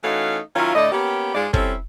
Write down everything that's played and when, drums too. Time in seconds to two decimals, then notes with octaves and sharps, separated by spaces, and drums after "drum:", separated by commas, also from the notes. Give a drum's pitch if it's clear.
0.04 E3 A3 C#4 D#4 F#4 F5
0.56 D#3 F#3 C#4 E4 F4
0.75 A2 D3 A3 D5 D#5
0.92 A#3 B3 C#4 G4
1.35 G#2 G#3 F4 D5
1.54 G3 C4 C#4 E4 A4, drum: kick